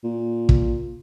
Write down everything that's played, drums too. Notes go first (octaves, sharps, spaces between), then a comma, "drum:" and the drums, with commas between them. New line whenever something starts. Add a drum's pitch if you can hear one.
A#2
drum: kick